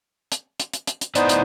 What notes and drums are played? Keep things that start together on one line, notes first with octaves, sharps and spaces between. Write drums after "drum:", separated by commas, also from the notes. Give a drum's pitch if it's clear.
drum: hi-hat
drum: hi-hat
drum: hi-hat
drum: hi-hat
drum: hi-hat
A2 B3 D#4 E4 C5 D5, drum: hi-hat
drum: hi-hat